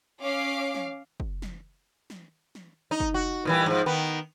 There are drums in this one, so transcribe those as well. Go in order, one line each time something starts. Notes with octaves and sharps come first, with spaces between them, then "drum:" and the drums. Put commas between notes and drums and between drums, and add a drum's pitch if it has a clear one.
C#4 F5 D6
drum: snare
drum: kick
drum: snare
drum: snare
drum: snare
D#4
drum: kick
F#4
A#2 E3 G3
G#2 F3
D#3 B3